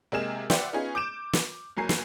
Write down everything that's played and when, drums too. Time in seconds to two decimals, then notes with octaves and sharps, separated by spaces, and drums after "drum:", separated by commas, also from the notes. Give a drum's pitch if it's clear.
0.12 C3 G#3 A#3 G#4 F6 E7
0.50 G4 B4 C5 D5 E5 F#5, drum: snare
0.73 B3 C#4 D#4 F4 G#4
0.95 D6 G6 D7 E7
1.33 drum: snare
1.77 F#1 F#3 A#4 G#5 C7
1.89 drum: snare